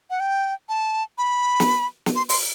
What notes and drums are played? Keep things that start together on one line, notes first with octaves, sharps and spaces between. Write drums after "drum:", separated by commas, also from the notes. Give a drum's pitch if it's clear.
F#5
G5
A5
B5
drum: snare
drum: snare
C6
C6, drum: open hi-hat